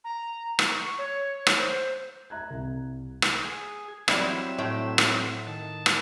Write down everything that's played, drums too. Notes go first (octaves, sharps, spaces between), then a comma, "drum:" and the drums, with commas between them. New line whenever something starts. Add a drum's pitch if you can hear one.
A#5
drum: rim click
C#6
C#5
drum: rim click
C5
E5 A#5 F#6 G#6
C2
drum: rim click
G#4
F#3 G3 C4 E4 E5 F5, drum: rim click
A2 A3 G5
drum: rim click
D#3 A5
drum: rim click